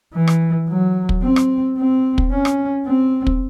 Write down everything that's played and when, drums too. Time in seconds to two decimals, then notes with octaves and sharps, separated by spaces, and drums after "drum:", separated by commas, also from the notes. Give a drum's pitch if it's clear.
0.14 E3
0.27 drum: rim click
0.68 F#3
1.09 drum: kick
1.22 C4
1.36 drum: rim click
1.77 C4
2.18 drum: kick
2.31 C#4
2.45 drum: rim click
2.86 C4
3.27 drum: kick